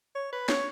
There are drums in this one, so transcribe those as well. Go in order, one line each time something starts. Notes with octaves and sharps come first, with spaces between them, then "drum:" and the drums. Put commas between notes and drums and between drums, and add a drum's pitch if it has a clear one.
C#5
B4
C#5, drum: snare